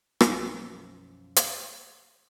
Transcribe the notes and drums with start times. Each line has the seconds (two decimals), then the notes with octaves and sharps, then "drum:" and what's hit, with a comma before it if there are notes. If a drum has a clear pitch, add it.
0.21 B1 F#2 F3, drum: rim click
1.36 drum: hi-hat